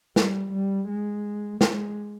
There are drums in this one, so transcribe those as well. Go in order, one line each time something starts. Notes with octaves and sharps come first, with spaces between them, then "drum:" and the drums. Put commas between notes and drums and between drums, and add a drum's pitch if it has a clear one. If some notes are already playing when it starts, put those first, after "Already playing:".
G3, drum: snare
G3
G#3
G#3, drum: snare